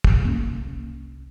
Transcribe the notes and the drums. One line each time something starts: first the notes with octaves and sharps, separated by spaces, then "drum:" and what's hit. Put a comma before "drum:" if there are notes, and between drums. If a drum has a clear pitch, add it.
drum: kick
C2 A#3 C#4